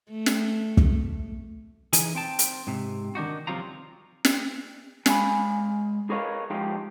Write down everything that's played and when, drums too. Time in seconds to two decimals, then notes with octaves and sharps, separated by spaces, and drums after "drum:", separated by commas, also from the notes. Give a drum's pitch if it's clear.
0.11 A3
0.26 drum: snare
0.77 drum: kick
1.93 E3 D#4 G#4 G#5, drum: hi-hat
2.15 C4 G5 A5
2.39 drum: hi-hat
2.67 G#2 C3
3.15 D#3 D4 D#4 F#4
3.47 C2 C3 F3 F#3 F4 A#5
4.25 drum: snare
5.06 G#3 F5 G#5 B5, drum: snare
6.10 G#4 A#4 B4 C#5 D#5 F5
6.50 F3 G#3 D#4 F4 G4